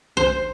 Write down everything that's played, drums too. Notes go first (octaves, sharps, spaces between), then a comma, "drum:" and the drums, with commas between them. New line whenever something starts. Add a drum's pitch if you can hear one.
C5, drum: tom